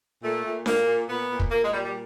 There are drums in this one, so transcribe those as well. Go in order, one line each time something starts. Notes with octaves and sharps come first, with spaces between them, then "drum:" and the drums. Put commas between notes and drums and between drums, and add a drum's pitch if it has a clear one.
A#2 A3
A#2
A#2 A#3, drum: snare D4
A#2
A#2 B3
A#2
drum: kick
A#2 A#3
G#3
A#2 G3
G3